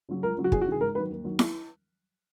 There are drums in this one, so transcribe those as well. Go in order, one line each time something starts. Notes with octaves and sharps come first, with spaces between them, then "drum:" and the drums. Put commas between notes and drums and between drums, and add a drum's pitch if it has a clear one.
C#3 F#3
C#2 A#4
C#3 F#3
F#4
E2 G#4, drum: kick
F#4
C#3 E3
G#4
G#2 A#4
D#3 F#3 B4
D#2
D#3 F#3
drum: snare E4